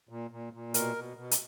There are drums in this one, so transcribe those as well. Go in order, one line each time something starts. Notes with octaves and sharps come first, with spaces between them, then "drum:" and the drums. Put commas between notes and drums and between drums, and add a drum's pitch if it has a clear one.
A#2
A#2
A#2
B2 A#4, drum: hi-hat
B2
B2
drum: hi-hat